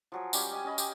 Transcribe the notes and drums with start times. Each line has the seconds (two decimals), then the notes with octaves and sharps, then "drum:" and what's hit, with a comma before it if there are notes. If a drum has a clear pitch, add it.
0.12 F3 F#3 G#4
0.33 G3 C#4 G4, drum: tambourine
0.51 D#5 G#5
0.64 C#4 D#5 B5
0.78 G4, drum: tambourine